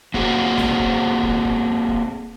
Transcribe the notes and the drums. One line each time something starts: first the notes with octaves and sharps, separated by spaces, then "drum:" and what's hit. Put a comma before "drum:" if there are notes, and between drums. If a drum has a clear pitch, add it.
A#3 C4 F#4 G#4, drum: kick
drum: snare
drum: kick
drum: kick
drum: kick
drum: kick